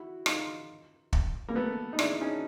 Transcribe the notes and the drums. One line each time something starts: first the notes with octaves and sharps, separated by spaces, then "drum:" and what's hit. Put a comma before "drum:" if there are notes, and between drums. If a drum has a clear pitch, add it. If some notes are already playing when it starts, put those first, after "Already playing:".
Already playing: E4 F#4
D#4 F4, drum: rim click
drum: kick
A#3
A3 B3
D#4
D4 E4, drum: rim click
C#4 D#4